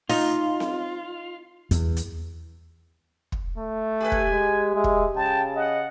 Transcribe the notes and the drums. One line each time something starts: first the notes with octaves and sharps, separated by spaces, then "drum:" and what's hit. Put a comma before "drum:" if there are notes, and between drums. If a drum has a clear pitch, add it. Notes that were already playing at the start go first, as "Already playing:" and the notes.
D#4 F4, drum: open hi-hat
drum: snare C4
E2, drum: hi-hat
drum: hi-hat
drum: kick
A3
G4 B4 G#5
drum: kick
G#3
G#3 E5
drum: kick
C#3 G5 A5
D#5 F#5